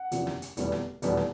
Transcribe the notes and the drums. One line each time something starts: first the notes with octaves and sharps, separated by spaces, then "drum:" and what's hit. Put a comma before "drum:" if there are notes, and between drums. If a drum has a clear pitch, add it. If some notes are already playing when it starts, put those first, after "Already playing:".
Already playing: F#5
F#1 E2 C3 F3, drum: hi-hat
drum: snare
drum: hi-hat
F1 E2 B2 G3, drum: hi-hat
drum: snare
F1 E2 B2 G3, drum: hi-hat
drum: snare